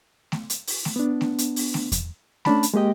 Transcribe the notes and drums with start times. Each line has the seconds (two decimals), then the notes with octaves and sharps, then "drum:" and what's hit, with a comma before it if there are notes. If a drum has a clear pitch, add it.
0.32 drum: snare A3
0.50 drum: hi-hat
0.67 drum: open hi-hat
0.85 drum: snare A3
0.96 B3 D4
1.21 drum: snare A3
1.38 drum: hi-hat
1.56 drum: open hi-hat
1.74 drum: snare A3
1.92 drum: kick E2, hi-hat
2.45 A3 C#4 D4 A5 B5, drum: snare A3
2.63 drum: hi-hat
2.74 G#3 A#3 G4 D#5 G5